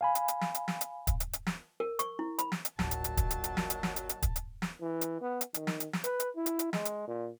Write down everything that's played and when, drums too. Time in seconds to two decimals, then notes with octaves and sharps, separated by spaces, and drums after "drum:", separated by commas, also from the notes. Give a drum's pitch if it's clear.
0.01 F5 G#5 B5
0.15 drum: hi-hat
0.28 drum: hi-hat
0.41 drum: snare
0.55 drum: hi-hat
0.68 drum: snare
0.81 drum: hi-hat
1.07 drum: kick, hi-hat
1.20 drum: hi-hat
1.33 drum: hi-hat
1.47 drum: snare
1.80 A#4
1.99 C#6, drum: hi-hat
2.19 E4
2.39 B5, drum: hi-hat
2.52 drum: snare
2.65 drum: hi-hat
2.79 D1 G1 A#2 D#3 F#3 A5, drum: snare
2.91 drum: hi-hat
3.04 drum: hi-hat
3.17 drum: kick, hi-hat
3.30 drum: hi-hat
3.44 drum: hi-hat
3.57 drum: snare
3.70 drum: hi-hat
3.83 drum: snare
3.96 drum: hi-hat
4.09 drum: hi-hat
4.22 drum: kick, hi-hat
4.36 drum: hi-hat
4.62 drum: snare
4.81 E3
5.01 drum: hi-hat
5.21 B3
5.41 drum: hi-hat
5.54 D#3, drum: hi-hat
5.67 drum: snare
5.80 drum: hi-hat
5.93 drum: snare
6.04 B4, drum: hi-hat
6.20 drum: hi-hat
6.36 E4
6.46 drum: hi-hat
6.59 drum: hi-hat
6.73 G#3, drum: snare
6.85 drum: hi-hat
7.07 A#2